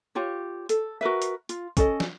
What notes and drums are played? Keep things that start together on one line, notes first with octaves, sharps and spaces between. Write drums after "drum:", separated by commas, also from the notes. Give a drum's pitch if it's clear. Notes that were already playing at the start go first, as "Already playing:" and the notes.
F4 G4 C#5
A4, drum: hi-hat
F#4 A#4 B4 E5
drum: hi-hat
F4, drum: hi-hat
C#4 A4 D#5, drum: kick, hi-hat
drum: snare